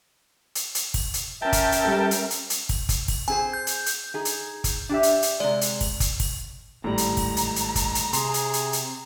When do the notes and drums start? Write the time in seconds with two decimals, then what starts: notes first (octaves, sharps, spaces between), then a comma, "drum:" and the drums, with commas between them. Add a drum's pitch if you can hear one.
0.55 drum: hi-hat
0.75 drum: hi-hat
0.94 drum: kick, open hi-hat
1.14 drum: hi-hat
1.42 C#4 A#4 E5 G5 A5
1.53 drum: kick, hi-hat
1.72 drum: hi-hat
1.85 G3 A4
2.11 drum: hi-hat
2.30 drum: hi-hat
2.50 drum: hi-hat
2.69 drum: kick, open hi-hat
2.89 drum: kick, hi-hat
3.08 drum: kick, open hi-hat
3.28 C4 G#4 C5 G#5
3.53 G6
3.67 drum: hi-hat
3.86 drum: hi-hat
4.14 D#4 G#4
4.25 drum: hi-hat
4.64 drum: kick, hi-hat
4.89 D4 G4 E5
5.03 drum: hi-hat
5.22 drum: hi-hat
5.40 C3 G#3 D5
5.61 drum: hi-hat
5.81 drum: kick, open hi-hat
6.00 drum: kick, hi-hat
6.20 drum: kick, open hi-hat
6.84 G#1 A2 G3 A#5
6.98 drum: hi-hat
7.17 drum: kick, open hi-hat
7.37 drum: hi-hat
7.56 drum: hi-hat
7.75 drum: kick, hi-hat
7.95 drum: hi-hat
8.13 C3 G#4 C6, drum: hi-hat
8.34 drum: hi-hat
8.53 drum: hi-hat
8.73 drum: hi-hat